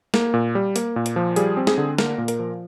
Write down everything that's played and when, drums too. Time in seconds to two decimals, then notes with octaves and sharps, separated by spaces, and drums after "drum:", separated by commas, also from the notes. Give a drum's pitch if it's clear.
0.14 A#3, drum: snare
0.34 A#2
0.55 G3
0.76 A#3, drum: hi-hat
0.96 A#2
1.06 drum: hi-hat
1.16 F3
1.36 G3 G#4, drum: hi-hat
1.57 C4
1.67 G#4, drum: snare
1.78 D3
1.98 A#3 A#4, drum: snare
2.18 A#2
2.28 A#4, drum: hi-hat
2.39 F3